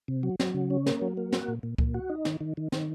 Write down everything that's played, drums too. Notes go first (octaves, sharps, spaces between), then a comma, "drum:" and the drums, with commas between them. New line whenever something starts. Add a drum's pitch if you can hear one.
C3
F#3
F#3, drum: snare
C#3
C#4
A#3, drum: snare
F#3
A#3
F#4, drum: snare
A#2
A#2
A#2, drum: kick C#2
F#4
D#4
D#3, drum: snare
D#3
D#3
D#3, drum: snare